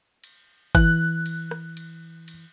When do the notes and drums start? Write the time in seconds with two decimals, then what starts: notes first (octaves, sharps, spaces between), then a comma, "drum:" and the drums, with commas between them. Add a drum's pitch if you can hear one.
0.24 drum: cymbal
0.75 E3 F#6, drum: kick G1, cymbal
1.26 drum: cymbal
1.51 drum: rim click
1.77 drum: cymbal
2.28 drum: cymbal